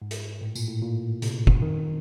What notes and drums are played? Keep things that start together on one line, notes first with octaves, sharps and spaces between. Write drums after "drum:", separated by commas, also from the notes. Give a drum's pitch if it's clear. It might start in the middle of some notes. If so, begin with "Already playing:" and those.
G#2
drum: hi-hat
A2
A#2, drum: tambourine
A2
A#2
C3, drum: hi-hat
drum: kick
D#3